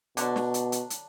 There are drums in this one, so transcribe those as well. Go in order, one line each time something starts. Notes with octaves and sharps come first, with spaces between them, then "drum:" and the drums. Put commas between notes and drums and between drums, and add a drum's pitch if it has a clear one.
B2 D3 F#3 D4, drum: hi-hat
drum: snare
drum: hi-hat
drum: hi-hat
drum: hi-hat